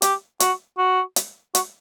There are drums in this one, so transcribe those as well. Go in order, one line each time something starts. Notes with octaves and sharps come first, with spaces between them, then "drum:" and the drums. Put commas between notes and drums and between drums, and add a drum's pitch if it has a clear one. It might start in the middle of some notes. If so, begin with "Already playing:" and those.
G4, drum: hi-hat
F#4, drum: hi-hat
F#4
drum: hi-hat
F#4, drum: hi-hat